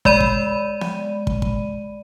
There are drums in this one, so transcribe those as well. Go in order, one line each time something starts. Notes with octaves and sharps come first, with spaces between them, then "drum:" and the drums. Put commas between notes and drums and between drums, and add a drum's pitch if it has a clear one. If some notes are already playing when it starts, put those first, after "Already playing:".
G#3 D5 B5 D#7, drum: kick
drum: kick
drum: snare B3
drum: kick
drum: kick